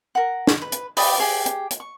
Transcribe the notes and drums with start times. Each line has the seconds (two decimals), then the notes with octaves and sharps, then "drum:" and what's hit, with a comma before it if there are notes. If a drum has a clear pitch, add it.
0.15 A#4 F#5
0.47 drum: snare
0.62 B4
0.72 drum: hi-hat
0.97 G4 D5 B5 D#6, drum: open hi-hat
1.18 G4 G#4 C#5
1.46 drum: hi-hat
1.71 drum: hi-hat
1.80 C#6